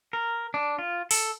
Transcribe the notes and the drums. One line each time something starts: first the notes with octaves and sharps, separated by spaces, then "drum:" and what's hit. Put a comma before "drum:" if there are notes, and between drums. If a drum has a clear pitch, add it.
A#4
D4
F4
A4, drum: open hi-hat